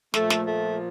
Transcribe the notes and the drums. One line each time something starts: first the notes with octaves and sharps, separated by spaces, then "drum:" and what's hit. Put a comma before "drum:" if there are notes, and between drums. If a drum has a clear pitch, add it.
A#2 F3 A3, drum: snare
drum: snare
A3